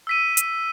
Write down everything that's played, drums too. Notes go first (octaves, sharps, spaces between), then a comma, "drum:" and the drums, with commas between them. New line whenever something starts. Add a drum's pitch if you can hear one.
E6 B6 D#7
drum: hi-hat